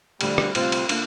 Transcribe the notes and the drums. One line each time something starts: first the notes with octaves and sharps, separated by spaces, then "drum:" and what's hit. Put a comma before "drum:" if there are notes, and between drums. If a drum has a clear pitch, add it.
D2 D3 F3 G3, drum: cymbal
drum: rim click
D2 C3 G3 C4 F4, drum: cymbal
drum: cymbal
D3 A#3 D4 F4, drum: cymbal